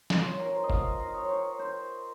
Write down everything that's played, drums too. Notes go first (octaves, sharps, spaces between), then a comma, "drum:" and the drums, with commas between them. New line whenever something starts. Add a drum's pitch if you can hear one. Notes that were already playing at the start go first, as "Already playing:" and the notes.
F4, drum: snare
C#5
A#4
C5
D#5
F5, drum: kick
D#5
C#5
C5 C#5
C5